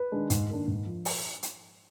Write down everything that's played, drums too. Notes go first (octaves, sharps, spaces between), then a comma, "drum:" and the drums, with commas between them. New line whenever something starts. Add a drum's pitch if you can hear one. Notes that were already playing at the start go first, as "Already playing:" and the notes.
Already playing: B4
D#3 G#3 D4
G#2, drum: hi-hat
D#3 A#3 D4
G#2
F3
drum: open hi-hat
drum: hi-hat